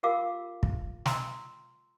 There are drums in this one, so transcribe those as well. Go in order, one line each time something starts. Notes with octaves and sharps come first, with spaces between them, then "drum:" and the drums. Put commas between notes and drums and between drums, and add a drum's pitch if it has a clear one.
F4 G4 A#4 F5 D6 E6
drum: kick
A#5 C6 E6, drum: snare